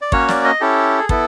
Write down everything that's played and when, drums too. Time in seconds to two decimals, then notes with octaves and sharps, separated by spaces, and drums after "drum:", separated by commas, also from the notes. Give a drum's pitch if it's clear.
0.01 D5
0.12 A#3 C#4 F#4 C#5, drum: kick
0.28 D5, drum: snare
0.45 D#5
0.60 C#4 E4 G4 A4
0.98 G#4
1.09 B3 E4 A4, drum: kick